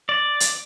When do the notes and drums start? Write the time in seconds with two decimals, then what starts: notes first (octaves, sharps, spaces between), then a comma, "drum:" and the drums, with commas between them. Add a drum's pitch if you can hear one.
0.09 D5
0.40 drum: hi-hat